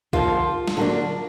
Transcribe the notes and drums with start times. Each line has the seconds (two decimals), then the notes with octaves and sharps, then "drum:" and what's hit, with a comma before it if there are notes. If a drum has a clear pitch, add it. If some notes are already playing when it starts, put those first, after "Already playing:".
0.13 D3 F3 A#3 F4, drum: kick B1
0.68 drum: snare
0.77 D3 F#3 A#3 D4